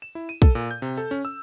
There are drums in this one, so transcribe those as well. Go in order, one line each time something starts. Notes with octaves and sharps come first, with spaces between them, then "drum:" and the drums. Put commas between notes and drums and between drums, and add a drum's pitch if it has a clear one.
E7
E4
D#7
A4, drum: kick
A#2
G6
C3
A4
C#4
E6